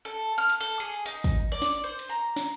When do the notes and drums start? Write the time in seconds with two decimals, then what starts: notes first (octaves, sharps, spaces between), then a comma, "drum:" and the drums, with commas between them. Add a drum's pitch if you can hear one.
0.05 A4
0.38 F6
0.50 drum: hi-hat
0.60 A4
0.80 G#4
1.06 D#4, drum: hi-hat
1.24 drum: kick, hi-hat
1.52 D5
1.62 drum: snare
1.84 C5
1.99 drum: hi-hat
2.09 A#5
2.36 drum: snare